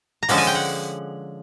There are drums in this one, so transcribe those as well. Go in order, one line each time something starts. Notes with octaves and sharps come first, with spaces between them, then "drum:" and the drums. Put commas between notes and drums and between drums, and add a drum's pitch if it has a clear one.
A#5
D3 F3 G#3 C#4 A5, drum: open hi-hat
G#5
G5
F#5